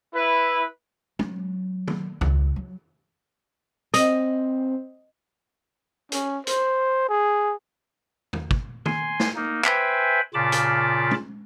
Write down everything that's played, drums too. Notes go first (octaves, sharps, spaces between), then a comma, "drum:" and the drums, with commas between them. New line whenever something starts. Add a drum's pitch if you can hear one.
E4 B4
F#3, drum: tom
drum: tom
C#2, drum: tom E2
F#3
C4 D#5, drum: hi-hat
C#4, drum: hi-hat
C5, drum: hi-hat
G#4
drum: tom E2
drum: kick
G#5 C6, drum: tom
drum: snare
A#3 D#4
B4 C5 E5 G5 G#5 B5, drum: clap
A#2 C#3 F4 A5 B5 D6
drum: hi-hat
drum: tom